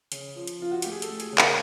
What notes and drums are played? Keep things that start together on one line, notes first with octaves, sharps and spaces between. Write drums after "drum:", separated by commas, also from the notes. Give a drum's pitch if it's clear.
C#3, drum: hi-hat
F3
drum: hi-hat
F3 F4
F#4
A3 G4, drum: hi-hat
G#4
A4, drum: hi-hat
A3
G#4, drum: hi-hat
C#3
A#4, drum: clap